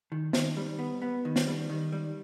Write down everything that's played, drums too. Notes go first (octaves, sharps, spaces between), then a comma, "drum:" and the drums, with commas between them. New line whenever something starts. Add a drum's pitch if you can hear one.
D#3
D#3, drum: snare
G3
B3
B3
D#3
drum: snare
G3
D#3
G3